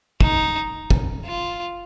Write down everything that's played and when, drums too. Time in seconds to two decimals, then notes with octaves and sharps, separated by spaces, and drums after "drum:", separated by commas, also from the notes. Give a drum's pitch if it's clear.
0.21 D#4, drum: kick
0.90 drum: kick
1.26 F4